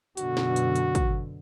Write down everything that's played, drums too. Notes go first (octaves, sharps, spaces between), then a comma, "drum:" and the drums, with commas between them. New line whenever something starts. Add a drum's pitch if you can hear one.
F#2 B2 D3 F#4, drum: hi-hat
drum: snare
drum: hi-hat
drum: hi-hat
drum: kick, hi-hat